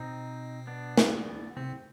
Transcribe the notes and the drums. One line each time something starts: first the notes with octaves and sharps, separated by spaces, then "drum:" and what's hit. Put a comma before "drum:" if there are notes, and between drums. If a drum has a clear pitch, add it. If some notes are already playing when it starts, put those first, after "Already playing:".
Already playing: B2 C4 D#4
B3 D4
drum: snare
C3 C4